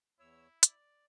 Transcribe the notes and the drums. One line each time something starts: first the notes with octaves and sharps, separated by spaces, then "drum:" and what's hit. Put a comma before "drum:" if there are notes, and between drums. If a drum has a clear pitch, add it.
E2 E4 C#5 E6
D5, drum: hi-hat